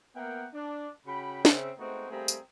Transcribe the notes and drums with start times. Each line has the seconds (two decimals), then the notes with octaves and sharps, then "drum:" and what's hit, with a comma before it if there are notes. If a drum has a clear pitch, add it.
0.15 A#3 B3 A#4 E5 F#5 G5
0.53 D4
1.07 C#3 F#4 G5 B5
1.45 C#3 C4 E5, drum: snare
1.78 G#3 A3 B3 C4 D#4 F#4
2.09 G3 A3 A#3 C4 G#4 A#5
2.28 drum: tambourine